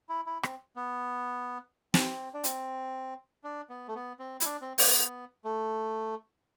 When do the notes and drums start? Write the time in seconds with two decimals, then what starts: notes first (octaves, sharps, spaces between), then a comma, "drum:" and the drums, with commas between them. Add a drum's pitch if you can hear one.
0.09 E4
0.26 E4
0.43 C4, drum: rim click
0.76 B3
1.94 C4, drum: snare
2.34 D4
2.44 C4, drum: hi-hat
3.44 D4
3.70 B3
3.88 A3
3.95 B3
4.19 C4
4.40 E4, drum: hi-hat
4.45 D4
4.61 C4
4.78 B3, drum: open hi-hat
5.45 A3